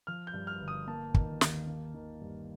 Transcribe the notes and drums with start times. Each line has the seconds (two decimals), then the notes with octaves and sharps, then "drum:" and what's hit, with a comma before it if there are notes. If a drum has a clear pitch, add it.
0.07 F3 F6
0.27 G6
0.33 G2
0.47 F6
0.60 G1
0.68 D#6
0.87 A#3 A5
1.14 D#3, drum: kick
1.41 D#2, drum: snare
1.67 A#3
1.94 D#3
2.21 G2